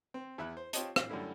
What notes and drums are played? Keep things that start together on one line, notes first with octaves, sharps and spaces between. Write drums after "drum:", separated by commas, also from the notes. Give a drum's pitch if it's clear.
C4
E2 E4 E5 B5 F#6
C5
C4 F4 G4 C#5 D#5 A5, drum: hi-hat
F5, drum: rim click
F#2 D3 G3 A3 E4